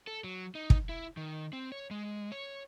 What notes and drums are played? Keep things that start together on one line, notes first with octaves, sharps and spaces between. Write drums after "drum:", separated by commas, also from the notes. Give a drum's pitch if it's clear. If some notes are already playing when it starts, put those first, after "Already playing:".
A4
F#3
D#4
drum: kick
E4
D#3
C4
C#5
G#3
C#5